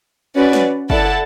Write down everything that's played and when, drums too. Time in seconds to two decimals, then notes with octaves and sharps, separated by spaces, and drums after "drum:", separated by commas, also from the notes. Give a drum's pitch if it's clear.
0.35 C#4 F#4 B4 D5
0.53 drum: snare
0.90 E4 A4 D5 F#5 A5, drum: kick